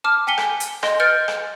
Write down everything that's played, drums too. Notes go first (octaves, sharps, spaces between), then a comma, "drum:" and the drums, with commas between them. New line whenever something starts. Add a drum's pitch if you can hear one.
A5 D6 F6
G5 G#5 B6 C#7 G7
drum: rim click
drum: hi-hat
D#5 C6, drum: rim click
B4 F6 G6 A6 C#7 D7
drum: rim click